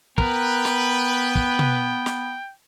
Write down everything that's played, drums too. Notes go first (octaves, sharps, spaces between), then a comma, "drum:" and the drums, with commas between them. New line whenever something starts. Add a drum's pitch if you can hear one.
B3 A#4 B4 G5, drum: kick
drum: snare
drum: kick
drum: tom B2
drum: snare